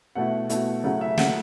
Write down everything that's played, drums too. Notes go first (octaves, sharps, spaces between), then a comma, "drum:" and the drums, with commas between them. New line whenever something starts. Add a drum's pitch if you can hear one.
B2 A3 E4 F#5
B2 A3 E4, drum: hi-hat
C#3 F#3 A3 E4 F#5
E5
C#3 F#3 A3 E4 F#5, drum: snare